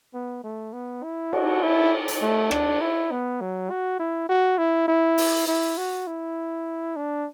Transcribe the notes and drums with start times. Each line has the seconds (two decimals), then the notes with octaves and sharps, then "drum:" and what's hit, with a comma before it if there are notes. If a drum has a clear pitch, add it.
0.14 B3
0.44 A3
0.73 B3
1.03 E4
1.33 F#4, drum: cymbal
1.63 E4
2.08 drum: hi-hat
2.21 A3
2.51 D4, drum: rim click
2.81 E4
3.11 B3
3.41 F#3
3.70 F#4
3.99 E4
4.29 F#4
4.58 E4
4.88 E4
5.18 drum: open hi-hat
5.47 E4
5.78 F#4
6.07 E4
6.96 D4